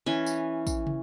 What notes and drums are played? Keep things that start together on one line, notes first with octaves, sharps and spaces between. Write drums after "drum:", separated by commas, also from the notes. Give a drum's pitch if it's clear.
E3 C#4
drum: tambourine
drum: kick, tambourine
drum: tom